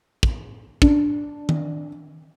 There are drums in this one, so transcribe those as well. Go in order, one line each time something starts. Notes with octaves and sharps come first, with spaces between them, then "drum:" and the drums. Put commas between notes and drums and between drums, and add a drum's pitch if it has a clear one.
drum: kick
D4, drum: kick
drum: tom D#3